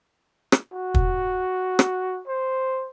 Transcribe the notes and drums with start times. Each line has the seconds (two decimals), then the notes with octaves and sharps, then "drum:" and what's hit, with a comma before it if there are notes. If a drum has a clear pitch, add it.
0.52 drum: rim click
0.73 F#4
0.94 drum: kick
1.79 drum: rim click
2.27 C5